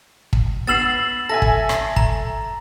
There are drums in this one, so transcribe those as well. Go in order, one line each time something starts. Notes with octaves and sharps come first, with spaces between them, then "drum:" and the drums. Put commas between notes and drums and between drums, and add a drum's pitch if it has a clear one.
drum: kick
B3 E6 A6 C7 E7 F#7
A4 E5 G#5 A#6
drum: kick
drum: rim click
A#5, drum: kick